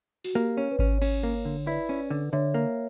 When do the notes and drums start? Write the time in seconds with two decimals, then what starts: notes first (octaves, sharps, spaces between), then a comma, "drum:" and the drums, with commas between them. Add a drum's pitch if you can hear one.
0.24 F#4, drum: open hi-hat
0.35 A#3 G4
0.57 C#4 C#5
0.71 B4
0.79 C#4 C#5, drum: kick G#1
1.02 C#4, drum: cymbal
1.23 A#3
1.45 D3
1.67 E4 B4 D5
1.89 C#4
2.10 D3
2.32 D3 C#5 E5
2.54 A#3